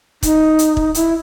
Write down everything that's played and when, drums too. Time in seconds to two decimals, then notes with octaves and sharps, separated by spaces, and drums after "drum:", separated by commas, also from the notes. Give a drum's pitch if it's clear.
0.23 D#4, drum: kick, hi-hat
0.59 drum: hi-hat
0.77 drum: kick
0.94 E4, drum: hi-hat